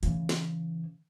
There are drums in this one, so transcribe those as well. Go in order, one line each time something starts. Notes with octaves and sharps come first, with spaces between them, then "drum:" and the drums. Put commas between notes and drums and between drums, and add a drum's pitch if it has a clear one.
C#3 E3, drum: hi-hat
drum: snare